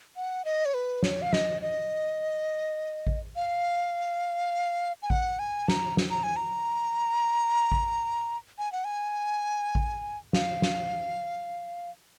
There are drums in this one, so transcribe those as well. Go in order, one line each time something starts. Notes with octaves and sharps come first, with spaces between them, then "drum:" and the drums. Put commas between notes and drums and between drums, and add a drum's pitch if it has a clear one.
F#5
D#5
C#5
B4
C#5, drum: snare
F5
D#5, drum: snare
D#5
drum: kick A1
F5
G#5
F#5, drum: kick A1
G#5
A#5, drum: snare
drum: snare
A#5
G#5
A#5
drum: kick A1
G#5
F#5
G#5
drum: kick A1
F5, drum: snare
drum: snare